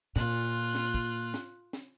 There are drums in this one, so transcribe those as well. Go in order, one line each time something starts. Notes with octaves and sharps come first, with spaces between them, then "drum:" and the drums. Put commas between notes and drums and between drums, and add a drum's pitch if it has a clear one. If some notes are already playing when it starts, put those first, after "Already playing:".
A#2 F4 F#6, drum: snare
drum: snare
drum: kick
drum: snare
drum: snare